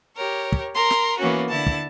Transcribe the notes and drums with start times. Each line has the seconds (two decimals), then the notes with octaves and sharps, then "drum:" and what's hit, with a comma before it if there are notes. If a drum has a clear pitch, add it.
0.14 G4 A#4 C#5
0.52 drum: kick
0.74 A#4 A#5 C6
0.90 drum: snare
1.18 E3 A#3 B3 C#4 F#4
1.49 D3 E4 A5
1.67 drum: kick